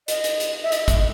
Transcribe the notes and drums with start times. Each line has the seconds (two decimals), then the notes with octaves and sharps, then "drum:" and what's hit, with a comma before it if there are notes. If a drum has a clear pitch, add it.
0.08 D#5, drum: hi-hat
0.24 drum: hi-hat
0.40 drum: hi-hat
0.63 E5
0.72 D#5, drum: hi-hat
0.88 drum: kick, hi-hat